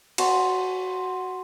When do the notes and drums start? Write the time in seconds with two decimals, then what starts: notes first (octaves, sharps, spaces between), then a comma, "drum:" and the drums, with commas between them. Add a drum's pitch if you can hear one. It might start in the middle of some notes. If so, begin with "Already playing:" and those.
0.18 F#4 C5 F#5 A5, drum: cymbal